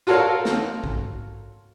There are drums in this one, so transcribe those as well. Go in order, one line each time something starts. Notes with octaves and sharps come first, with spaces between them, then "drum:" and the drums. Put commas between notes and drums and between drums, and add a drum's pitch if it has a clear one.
F4 F#4 A4 A#4 C#5 F5
drum: snare
drum: kick A#1